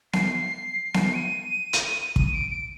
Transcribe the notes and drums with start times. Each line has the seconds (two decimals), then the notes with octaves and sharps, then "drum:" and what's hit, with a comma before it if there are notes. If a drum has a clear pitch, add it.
0.13 C7, drum: snare B3
0.94 drum: snare B3
1.14 D#7
1.73 drum: hi-hat
2.16 D#7, drum: kick
2.33 D7
2.50 D7